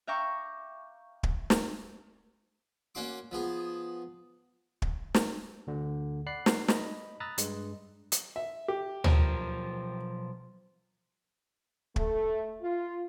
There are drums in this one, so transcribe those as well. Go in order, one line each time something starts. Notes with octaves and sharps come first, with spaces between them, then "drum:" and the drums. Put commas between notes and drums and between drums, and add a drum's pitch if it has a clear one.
E5 F5 G5 A#5 C#6 D6
drum: kick
drum: snare
A#3 C#4 F#4 C6 D6
F3 B3 G#4
drum: kick
drum: snare
D2 D3
D5 F#5 B5 F#6 C7
drum: snare
D#5 B5, drum: snare
A#5 B5 D#6 E6 F#6 A6
G2 G#3, drum: hi-hat
drum: hi-hat
E5
G4
B1 F3 A#4, drum: tom
A3, drum: kick
F4